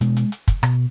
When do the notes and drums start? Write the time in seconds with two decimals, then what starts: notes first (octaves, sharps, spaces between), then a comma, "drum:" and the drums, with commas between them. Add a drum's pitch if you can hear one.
0.01 B2 G#3, drum: hi-hat
0.17 drum: hi-hat
0.32 drum: hi-hat
0.48 drum: kick, hi-hat
0.63 B2, drum: rim click